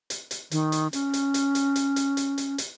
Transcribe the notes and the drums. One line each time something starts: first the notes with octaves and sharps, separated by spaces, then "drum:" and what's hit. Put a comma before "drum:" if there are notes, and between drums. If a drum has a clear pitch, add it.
drum: hi-hat
drum: hi-hat
D#3, drum: hi-hat
drum: hi-hat
C#4, drum: hi-hat
drum: hi-hat
drum: hi-hat
drum: hi-hat
drum: hi-hat
drum: hi-hat
drum: hi-hat
drum: hi-hat
drum: hi-hat